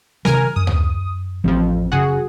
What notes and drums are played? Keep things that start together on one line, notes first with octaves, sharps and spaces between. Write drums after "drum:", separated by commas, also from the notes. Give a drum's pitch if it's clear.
C3 D#3 F#3 A#4 G#5 F6, drum: snare C4
F#2 D#6
drum: tom
A1 F2 F3 C4
F#1 F#2 C#3 F#4 G#4